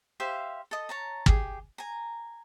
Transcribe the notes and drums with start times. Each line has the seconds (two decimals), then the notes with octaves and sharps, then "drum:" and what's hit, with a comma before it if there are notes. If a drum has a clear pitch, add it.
0.20 G4 C5 E5 F5
0.71 A4 D#5
0.89 C#5 A5 A#5
1.26 G4 G#4, drum: kick
1.78 G#5 A#5